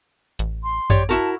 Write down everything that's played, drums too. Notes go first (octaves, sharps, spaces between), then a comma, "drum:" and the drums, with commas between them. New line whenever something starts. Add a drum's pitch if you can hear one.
A1, drum: hi-hat
C6
A1 G4 C#5 D5, drum: tom F#2
E4 F#4 A#4 A5